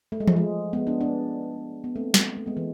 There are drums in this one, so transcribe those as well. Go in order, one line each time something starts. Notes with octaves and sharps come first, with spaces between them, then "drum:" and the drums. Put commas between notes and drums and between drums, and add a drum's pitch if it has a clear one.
A3
G#3
F3, drum: tom E3
G#3
G#3 B3
B3 D4
B3 D4
B3
A3 C4
drum: snare
A3
G#3 B3
E3